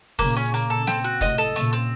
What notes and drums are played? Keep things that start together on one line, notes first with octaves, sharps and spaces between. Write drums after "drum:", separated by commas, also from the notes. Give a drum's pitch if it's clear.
A#2 C#3 A#3, drum: kick, open hi-hat
C#4
A#3, drum: hi-hat
A4
C4, drum: snare
F#4
A2 C3 D#5, drum: kick, hi-hat
A4
A#2 C#3 A3, drum: hi-hat
C4